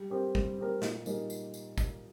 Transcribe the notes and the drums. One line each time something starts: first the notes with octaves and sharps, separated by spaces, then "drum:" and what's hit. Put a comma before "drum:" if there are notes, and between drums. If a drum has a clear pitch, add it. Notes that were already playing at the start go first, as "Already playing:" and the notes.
Already playing: G3
C4 G4 A#4
G3, drum: kick
C4 G4 A#4
A#2, drum: snare
G3 A#3 D#4 G#4, drum: tambourine
drum: tambourine
drum: tambourine
drum: kick, tambourine